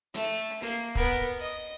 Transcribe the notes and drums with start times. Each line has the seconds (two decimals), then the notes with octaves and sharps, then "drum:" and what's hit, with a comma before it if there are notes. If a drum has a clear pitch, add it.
0.14 A3, drum: hi-hat
0.62 A#3, drum: open hi-hat
0.95 B3 A#4, drum: kick
1.39 D#5